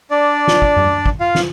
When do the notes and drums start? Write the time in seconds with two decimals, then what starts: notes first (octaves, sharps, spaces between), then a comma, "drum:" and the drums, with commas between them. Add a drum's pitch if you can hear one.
0.11 D4 D5
0.47 drum: snare
0.62 drum: kick
0.77 drum: tom F#2
1.06 drum: kick
1.20 F4 F5
1.35 drum: snare